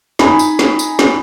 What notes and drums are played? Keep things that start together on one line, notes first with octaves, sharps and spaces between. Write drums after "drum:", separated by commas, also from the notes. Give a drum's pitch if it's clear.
D#4 G#5 B5, drum: snare
drum: tambourine
drum: snare
drum: tambourine
drum: snare